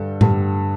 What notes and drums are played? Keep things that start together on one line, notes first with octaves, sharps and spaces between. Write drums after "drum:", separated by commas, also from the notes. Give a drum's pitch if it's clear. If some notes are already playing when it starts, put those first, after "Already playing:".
Already playing: G2 D3 G3 A4
G2 D3 G3, drum: tom A2